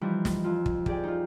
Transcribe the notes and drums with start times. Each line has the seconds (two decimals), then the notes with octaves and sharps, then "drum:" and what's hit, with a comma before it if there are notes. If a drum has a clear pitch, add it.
0.01 E3 F3 G3 D#4
0.25 drum: snare
0.44 F2 F4
0.66 drum: kick
0.86 G4 G#4 D5 G5, drum: kick
1.03 D#4 F4